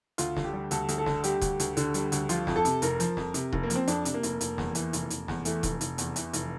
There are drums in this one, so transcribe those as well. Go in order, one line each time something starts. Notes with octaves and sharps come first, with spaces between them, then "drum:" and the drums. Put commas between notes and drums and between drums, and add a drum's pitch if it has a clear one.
D2 F4, drum: hi-hat
D3, drum: snare
G4
G3
D2 A4, drum: hi-hat
D2, drum: hi-hat
A4
D3, drum: snare
G3 G4, drum: hi-hat
D2, drum: kick D#1, hi-hat
D2, drum: hi-hat
D3, drum: hi-hat
G3, drum: hi-hat
D2, drum: hi-hat
F3 F4, drum: hi-hat
F2, drum: snare
A4
C3, drum: hi-hat
F1 A#4, drum: hi-hat
F3, drum: hi-hat
F2, drum: snare
C3, drum: hi-hat
F1, drum: kick D#1
A#3
F3, drum: hi-hat
C4
F2 D4, drum: hi-hat
C3, drum: hi-hat
A#3
F1, drum: hi-hat
F1, drum: hi-hat
E2, drum: snare
E3, drum: hi-hat
F1, drum: hi-hat
F1, drum: hi-hat
E2, drum: snare
E3 A3, drum: hi-hat
F1, drum: kick D#1, hi-hat
F1, drum: hi-hat
E2, drum: hi-hat
E3, drum: hi-hat
F1, drum: hi-hat